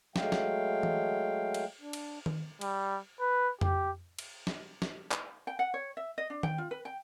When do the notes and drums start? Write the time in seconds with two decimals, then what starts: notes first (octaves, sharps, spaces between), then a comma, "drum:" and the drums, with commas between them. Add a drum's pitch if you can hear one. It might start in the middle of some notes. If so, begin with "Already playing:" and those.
0.16 F#3 G#3 A3 F5 G5, drum: snare
0.32 drum: snare
0.83 drum: tom E3
1.54 drum: cymbal
1.81 D4
1.93 drum: cymbal
2.26 drum: tom D#3
2.61 G3, drum: cymbal
3.21 B4
3.61 G4, drum: tom F2
4.19 drum: cymbal
4.47 drum: snare
4.82 drum: snare
5.12 drum: clap
5.47 G5
5.59 F#5
5.74 C#5
5.97 E5
6.18 D#5
6.30 D4
6.43 G5, drum: tom D#3
6.58 F4
6.71 B4
6.85 G5